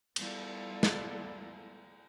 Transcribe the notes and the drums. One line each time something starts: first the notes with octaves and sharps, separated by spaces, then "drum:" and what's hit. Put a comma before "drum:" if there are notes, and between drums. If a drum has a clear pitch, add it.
G3 B3 E4 F4 A4, drum: cymbal
drum: snare